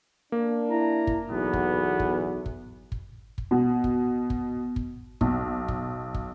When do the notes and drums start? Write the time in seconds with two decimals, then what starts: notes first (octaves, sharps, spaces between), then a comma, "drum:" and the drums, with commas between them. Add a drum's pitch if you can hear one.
0.32 A#3 D4
0.70 E4 A#5
1.07 drum: kick
1.30 B1 E2 B3
1.53 drum: kick
1.99 drum: kick
2.46 drum: kick
2.92 drum: kick
3.38 drum: kick
3.51 B2
3.84 drum: kick
4.30 drum: kick
4.76 drum: kick
5.21 B1, drum: kick
5.68 drum: kick
6.14 drum: kick